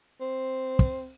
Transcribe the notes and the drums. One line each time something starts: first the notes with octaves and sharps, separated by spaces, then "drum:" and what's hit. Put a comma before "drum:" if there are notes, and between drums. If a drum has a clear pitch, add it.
C4
drum: kick